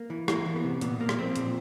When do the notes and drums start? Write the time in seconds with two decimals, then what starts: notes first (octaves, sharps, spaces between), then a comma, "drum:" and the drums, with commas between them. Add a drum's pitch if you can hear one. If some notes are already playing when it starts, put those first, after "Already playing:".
Already playing: A#3
0.10 E3
0.28 E3 A#3, drum: rim click
0.46 E3
0.56 B3
0.64 C3
0.81 A#2 B3, drum: hi-hat
1.00 A#2 A#3
1.09 drum: rim click
1.18 F3 C4
1.36 A#2, drum: hi-hat